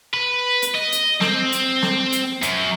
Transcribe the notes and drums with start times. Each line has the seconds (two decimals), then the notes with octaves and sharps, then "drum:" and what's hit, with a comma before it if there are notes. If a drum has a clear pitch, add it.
0.14 B4
0.62 drum: hi-hat
0.74 D#5
0.92 drum: hi-hat
1.21 C4, drum: snare
1.52 drum: hi-hat
1.82 drum: snare
2.12 drum: hi-hat
2.42 F#2, drum: hi-hat